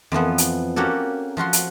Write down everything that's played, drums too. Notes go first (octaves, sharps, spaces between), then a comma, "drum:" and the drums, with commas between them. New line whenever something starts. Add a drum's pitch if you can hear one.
F2 E3 F3 B3
drum: hi-hat
A#3 C#4 F#4 G4 A4
F3 F4 F#4 C6
drum: hi-hat